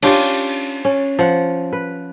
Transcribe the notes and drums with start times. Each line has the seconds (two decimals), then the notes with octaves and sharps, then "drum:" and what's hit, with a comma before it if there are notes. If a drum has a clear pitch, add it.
0.02 C#4 D4 F4 G4, drum: cymbal
0.85 C#4
1.19 F3 F#5
1.73 B4